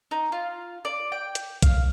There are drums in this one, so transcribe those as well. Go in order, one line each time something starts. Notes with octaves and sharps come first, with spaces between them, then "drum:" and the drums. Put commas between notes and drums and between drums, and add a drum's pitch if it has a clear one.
D#4
F4
D5
G5
drum: hi-hat
F5, drum: kick, hi-hat